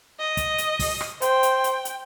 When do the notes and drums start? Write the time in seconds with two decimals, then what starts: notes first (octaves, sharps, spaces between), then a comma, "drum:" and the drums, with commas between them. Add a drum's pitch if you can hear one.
0.19 D#5
0.37 drum: kick, hi-hat
0.58 drum: hi-hat
0.79 drum: kick, open hi-hat
1.01 drum: rim click
1.22 C5 G5, drum: hi-hat
1.43 drum: hi-hat
1.64 drum: hi-hat
1.85 drum: hi-hat